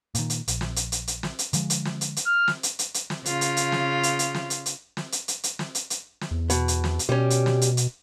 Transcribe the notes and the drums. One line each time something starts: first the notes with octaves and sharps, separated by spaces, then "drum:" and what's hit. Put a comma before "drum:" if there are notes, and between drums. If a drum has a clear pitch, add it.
A#2 D#3, drum: hi-hat
drum: hi-hat
A#1, drum: hi-hat
drum: snare
drum: hi-hat
drum: hi-hat
drum: hi-hat
drum: snare
drum: hi-hat
D3 F3 G#3, drum: hi-hat
drum: hi-hat
drum: snare
drum: hi-hat
drum: hi-hat
F6
drum: snare
drum: hi-hat
drum: hi-hat
drum: hi-hat
drum: snare
C#3 F4, drum: hi-hat
drum: hi-hat
drum: hi-hat
drum: snare
drum: hi-hat
drum: hi-hat
drum: snare
drum: hi-hat
drum: hi-hat
drum: snare
drum: hi-hat
drum: hi-hat
drum: hi-hat
drum: snare
drum: hi-hat
drum: hi-hat
drum: snare
E2
B2, drum: hi-hat
drum: hi-hat
drum: snare
drum: hi-hat
B2 G3 C#4
drum: hi-hat
drum: snare
drum: hi-hat
drum: hi-hat